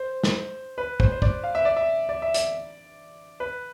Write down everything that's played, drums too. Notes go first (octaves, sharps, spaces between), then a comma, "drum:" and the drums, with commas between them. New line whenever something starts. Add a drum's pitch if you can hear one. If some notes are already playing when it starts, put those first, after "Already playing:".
Already playing: C5
drum: snare
B4
C5, drum: kick
C5
D5, drum: kick
F5
E5
D5
E5
D5
E5
D5, drum: hi-hat
B4